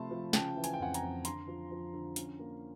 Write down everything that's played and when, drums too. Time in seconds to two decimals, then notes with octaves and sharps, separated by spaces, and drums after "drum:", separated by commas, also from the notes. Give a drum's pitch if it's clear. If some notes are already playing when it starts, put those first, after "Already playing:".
Already playing: C3 F3 A3 A5 B5 C6
0.11 F3
0.33 C#3 G5 A5, drum: snare
0.56 E3
0.64 G#5, drum: hi-hat
0.74 G5
0.79 F2 F#5 G#5
0.94 G#5 A#5, drum: hi-hat
1.02 F2
1.25 D3 A#5 C6, drum: hi-hat
1.48 F3
1.71 F3
1.93 D3
2.16 C#4, drum: hi-hat
2.39 A#3